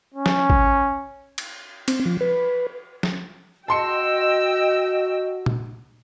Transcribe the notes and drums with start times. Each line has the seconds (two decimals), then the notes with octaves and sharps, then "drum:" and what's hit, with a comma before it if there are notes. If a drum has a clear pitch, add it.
0.14 C#4
0.26 drum: snare
0.50 drum: kick G#1
1.38 drum: cymbal
1.88 C4, drum: cymbal
2.06 F3
2.21 B4
3.03 drum: snare
3.68 F#4 D#5 G5 A5 C6 E6 C#7
5.46 drum: tom A#2